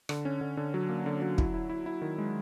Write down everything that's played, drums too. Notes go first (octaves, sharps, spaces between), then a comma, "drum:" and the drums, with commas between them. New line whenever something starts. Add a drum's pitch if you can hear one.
D3, drum: rim click
C#4
D3
D3
F#3
A#3
D3
F#3
E4, drum: kick
E4
E4
E4
D#3
G#3